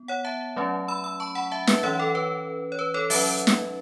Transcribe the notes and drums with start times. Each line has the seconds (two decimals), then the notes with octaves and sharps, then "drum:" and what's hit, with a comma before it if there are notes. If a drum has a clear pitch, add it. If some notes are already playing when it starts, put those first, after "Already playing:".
Already playing: B3
0.08 C#5 F#5
0.24 E5 A5
0.56 F#3 A3 C#4
0.88 B5 E6
1.04 B5 E6
1.20 A5 C#6
1.35 F#5 B5
1.51 E5 A5
1.67 B4 E5, drum: snare
1.83 E3 C#4 C#5 F#5
2.00 A4
2.15 B4
2.72 C#5
2.79 B4
2.94 A4 C#5
3.10 F#3 C#4 B4 E5, drum: open hi-hat
3.47 drum: snare